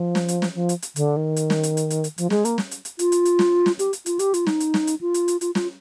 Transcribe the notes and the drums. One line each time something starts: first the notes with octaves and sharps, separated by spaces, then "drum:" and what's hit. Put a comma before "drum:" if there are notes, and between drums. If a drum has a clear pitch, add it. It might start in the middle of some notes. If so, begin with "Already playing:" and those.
Already playing: F3
drum: snare
drum: hi-hat
drum: snare
F3
drum: hi-hat
drum: hi-hat
D3, drum: hi-hat
D#3
drum: hi-hat
drum: snare
drum: hi-hat
drum: hi-hat
drum: hi-hat
drum: hi-hat
F3, drum: hi-hat
G#3, drum: snare
A#3, drum: hi-hat
drum: snare
drum: hi-hat
drum: hi-hat
F4, drum: hi-hat
drum: hi-hat
drum: hi-hat
drum: snare
drum: snare
G4, drum: hi-hat
drum: hi-hat
F4, drum: hi-hat
G4, drum: hi-hat
F4, drum: hi-hat
D#4, drum: snare
drum: hi-hat
drum: snare
drum: hi-hat
F4
drum: hi-hat
drum: hi-hat
F4, drum: hi-hat
F4, drum: snare